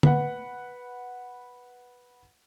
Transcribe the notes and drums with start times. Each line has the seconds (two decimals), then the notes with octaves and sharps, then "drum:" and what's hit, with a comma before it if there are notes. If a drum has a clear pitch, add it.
0.03 B4 F#5, drum: tom